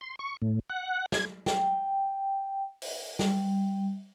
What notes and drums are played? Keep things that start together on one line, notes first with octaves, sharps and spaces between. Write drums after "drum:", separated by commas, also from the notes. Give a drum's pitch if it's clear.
C6
C#6
A2
F#5
G#6, drum: snare
G5, drum: snare
drum: open hi-hat
G3, drum: snare